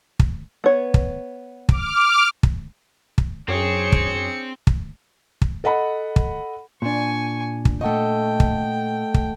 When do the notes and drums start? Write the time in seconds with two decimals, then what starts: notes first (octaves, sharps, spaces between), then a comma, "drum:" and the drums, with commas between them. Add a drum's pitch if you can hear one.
0.19 drum: kick
0.64 B3 C#5
0.94 drum: kick
1.69 D6 F6, drum: kick
2.43 drum: kick
3.18 drum: kick
3.48 F#2 C4 D4 G#4 C#5 C#7
3.92 drum: kick
4.67 drum: kick
5.42 drum: kick
5.64 A4 D#5 F#5 B5
6.16 drum: kick
6.82 A#2 D4 G#5 C#6
7.65 drum: kick
7.81 A3 A4 D#5 F#5 G5 C#6
8.40 drum: kick
9.14 drum: kick